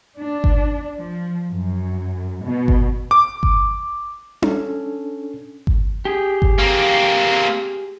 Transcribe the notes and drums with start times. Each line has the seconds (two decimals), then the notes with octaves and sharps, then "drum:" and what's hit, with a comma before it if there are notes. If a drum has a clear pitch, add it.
0.18 D4
0.44 drum: kick G1
0.95 F3
1.49 F#2
2.43 B2
2.68 drum: kick G1
3.11 D6
3.43 drum: kick G1
4.42 C#4 D4 A4, drum: tom D4
5.67 drum: kick G1
6.05 G4 G#4
6.42 drum: kick G1
6.59 A#3 C4